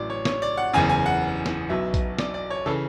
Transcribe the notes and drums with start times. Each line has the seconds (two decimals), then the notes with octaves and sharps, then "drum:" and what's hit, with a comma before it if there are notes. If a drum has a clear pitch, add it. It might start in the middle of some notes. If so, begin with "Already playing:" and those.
Already playing: A1 A2 F#3 D5
0.10 C#5
0.25 C#5, drum: snare
0.42 D5
0.57 F#5
0.73 F#1 E2 C#3 G#5
0.89 G#5
1.06 F#5
1.46 drum: snare
1.69 B1 B2 F#3 B3 E5
1.94 drum: kick A#1, hi-hat
2.19 D5, drum: snare
2.34 D5
2.50 C#5
2.66 C#3 E3 A4